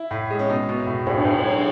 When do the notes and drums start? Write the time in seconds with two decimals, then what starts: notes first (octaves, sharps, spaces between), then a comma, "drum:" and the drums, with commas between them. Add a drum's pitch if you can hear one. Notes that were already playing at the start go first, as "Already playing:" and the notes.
Already playing: E4
0.11 A2
0.30 G#3
0.39 C#4
0.49 B2 D#4
0.69 B2
0.87 A2
1.07 A2, drum: cymbal
1.25 A2
1.44 F#3